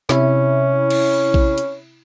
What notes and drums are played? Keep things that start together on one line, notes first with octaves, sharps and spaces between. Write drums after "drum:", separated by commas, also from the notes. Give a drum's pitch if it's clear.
C3 C#4 E4, drum: snare
drum: cymbal
drum: kick A#1
drum: hi-hat